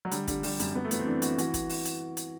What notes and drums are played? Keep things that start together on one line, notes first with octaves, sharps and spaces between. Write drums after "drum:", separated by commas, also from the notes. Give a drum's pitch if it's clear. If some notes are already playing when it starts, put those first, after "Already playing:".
F#3
D3 G3, drum: hi-hat
D3 G3, drum: kick, hi-hat
D3 G3, drum: open hi-hat
F#2 G3, drum: hi-hat
F#2 B3
A3
E3 B3, drum: hi-hat
C4
E3 D4
E3 F#4, drum: hi-hat
E3 F#4, drum: hi-hat
drum: kick, hi-hat
drum: open hi-hat
drum: hi-hat
drum: hi-hat